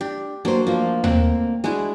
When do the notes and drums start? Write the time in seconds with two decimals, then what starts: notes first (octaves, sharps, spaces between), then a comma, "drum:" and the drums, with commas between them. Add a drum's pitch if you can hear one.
0.01 D4 G4
0.45 F#3 A#3 D4 C5
0.67 F3 A#3 F4 C5
1.04 D2 A#3 C4 F#5, drum: tom D#2
1.64 G#3 D4 E4 F#4